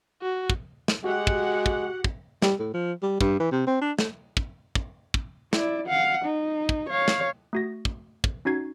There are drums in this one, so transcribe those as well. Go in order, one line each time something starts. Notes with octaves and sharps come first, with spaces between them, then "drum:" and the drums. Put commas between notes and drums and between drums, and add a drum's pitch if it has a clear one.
F#4
drum: kick
drum: snare
G#3 F#4 G4 F#5
drum: kick
drum: kick
drum: kick
G3, drum: snare
A2
F3
G3
G2, drum: kick
E3
C3
C4
D4
A3, drum: snare
drum: kick
drum: kick
drum: kick
E4 D5, drum: snare
F5 F#5
D#4
drum: kick
C#5 F5
drum: snare
A3 F#4 A#6
drum: kick
drum: kick
C#4 D#4 F#4 G#6 C7